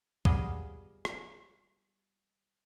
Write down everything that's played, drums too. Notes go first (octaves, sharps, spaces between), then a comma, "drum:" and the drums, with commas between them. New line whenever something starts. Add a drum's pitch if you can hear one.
G3 B3 F4 G#4 D#5, drum: kick
drum: rim click